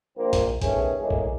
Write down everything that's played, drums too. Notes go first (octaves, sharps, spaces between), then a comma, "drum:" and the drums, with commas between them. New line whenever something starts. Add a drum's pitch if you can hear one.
A#1 A#3 C4
drum: kick A#1, hi-hat
D#3 A3 B3 C#4 G#4, drum: kick A#1, hi-hat
A2 F#3 G#3 A#3 D#4 G#4
drum: kick A#1